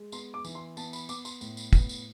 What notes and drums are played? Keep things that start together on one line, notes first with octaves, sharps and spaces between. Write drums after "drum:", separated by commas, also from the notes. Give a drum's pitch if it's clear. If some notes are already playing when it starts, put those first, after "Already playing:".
Already playing: G#3
B3 C6, drum: tambourine
D6
E3, drum: tambourine
C6
B3 A5, drum: tambourine
B5, drum: tambourine
B3 D6, drum: tambourine
C6, drum: tambourine
A2, drum: tambourine
drum: tambourine
B3, drum: kick, tambourine
drum: tambourine